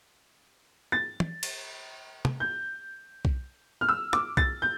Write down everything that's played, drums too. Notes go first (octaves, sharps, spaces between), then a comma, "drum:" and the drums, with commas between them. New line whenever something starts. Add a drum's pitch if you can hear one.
A6
drum: tom
drum: cymbal
drum: tom
G6
drum: kick B1
F6
E6
D6, drum: rim click
A6, drum: kick B1
G6